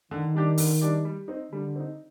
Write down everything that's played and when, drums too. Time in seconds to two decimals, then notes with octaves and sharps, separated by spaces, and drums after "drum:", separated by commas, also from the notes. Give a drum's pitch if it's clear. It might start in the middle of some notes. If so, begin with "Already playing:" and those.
0.11 D3 D#3
0.35 G3 D4 G4 D5
0.58 D3, drum: open hi-hat
0.81 G3 D4 G4 D5
1.05 G3
1.28 C4 D#4
1.52 D3 G3
1.76 C4 D#4